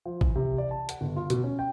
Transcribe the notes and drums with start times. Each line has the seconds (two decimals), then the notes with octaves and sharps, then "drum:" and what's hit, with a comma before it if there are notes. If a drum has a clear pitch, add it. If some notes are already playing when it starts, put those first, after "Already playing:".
0.06 F3
0.21 E3, drum: kick A1
0.36 C3
0.58 D5
0.71 A5
0.89 F#5, drum: hi-hat
1.01 G1
1.16 F4
1.30 B2, drum: hi-hat
1.44 C#4
1.59 G5